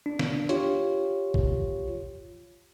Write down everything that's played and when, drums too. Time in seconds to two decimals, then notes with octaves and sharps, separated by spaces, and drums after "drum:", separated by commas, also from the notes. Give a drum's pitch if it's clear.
0.06 D4
0.19 drum: snare
0.49 F4 G4 C#5, drum: hi-hat
1.34 drum: kick